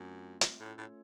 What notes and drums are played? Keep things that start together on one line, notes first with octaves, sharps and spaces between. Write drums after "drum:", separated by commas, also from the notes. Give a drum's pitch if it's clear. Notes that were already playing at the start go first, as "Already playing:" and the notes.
Already playing: F#2 A3 C4 F4
drum: hi-hat
A2 A3 C#4 F4 A4 C#5
A2